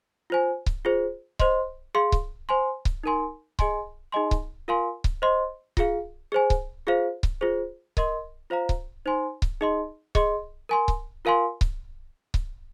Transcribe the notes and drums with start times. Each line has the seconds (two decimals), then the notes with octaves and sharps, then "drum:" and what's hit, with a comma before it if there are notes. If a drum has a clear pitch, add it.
0.30 F4 C5 G#5
0.66 drum: kick C#1
0.85 F4 G#4 C5
1.39 C5 D#5 C6, drum: kick C#1
1.95 G#4 F5 C6
2.12 drum: kick C#1
2.49 C5 G#5 C6
2.85 drum: kick C#1
3.03 D#4 A#4 G#5 C6
3.59 G#4 D#5 G#5 C6, drum: kick C#1
4.12 D#4 G#4 D#5 G#5 C6
4.31 drum: kick C#1
4.68 F4 A#4 F5 G#5 C6
5.04 drum: kick C#1
5.22 C5 D#5 C6
5.77 F4 G#4 F5, drum: kick C#1
6.32 G#4 C5 G#5
6.50 drum: kick C#1
6.87 F4 G#4 C5 F5
7.23 drum: kick C#1
7.41 F4 G#4 C5
7.97 A#4 D#5 C6, drum: kick C#1
8.50 F4 C5 F5 A#5
8.69 drum: kick C#1
9.06 D#4 C5 G#5 C6
9.42 drum: kick C#1
9.61 D#4 G#4 D#5 C6
10.15 G#4 D#5 C6, drum: kick C#1
10.69 A#4 G#5 C6
10.88 drum: kick C#1
11.25 F4 A#4 F5 G#5 C6
11.61 drum: kick C#1
12.34 drum: kick C#1